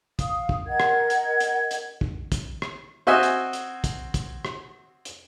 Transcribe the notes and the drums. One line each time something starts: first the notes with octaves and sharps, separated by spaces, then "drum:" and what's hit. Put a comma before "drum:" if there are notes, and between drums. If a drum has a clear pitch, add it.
F5 D#6, drum: kick, hi-hat
drum: kick
A#4 D#5 F#5 G#6
drum: rim click
drum: hi-hat
drum: hi-hat
drum: hi-hat
drum: kick
drum: kick, hi-hat
drum: rim click
C4 F#4 D#5 E5 G#5 E6
drum: hi-hat
drum: hi-hat
drum: kick, hi-hat
drum: kick, hi-hat
drum: rim click
drum: hi-hat